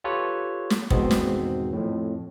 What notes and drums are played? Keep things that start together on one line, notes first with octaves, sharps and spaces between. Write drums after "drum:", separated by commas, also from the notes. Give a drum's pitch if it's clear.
F4 G4 A4 B4 C#5
drum: snare
E2 G#2 B2 D#3 B3 C4, drum: kick
drum: snare
F2 A2